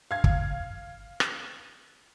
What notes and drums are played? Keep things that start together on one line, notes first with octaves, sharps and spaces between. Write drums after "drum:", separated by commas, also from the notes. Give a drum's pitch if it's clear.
F5 G#6
drum: kick
drum: rim click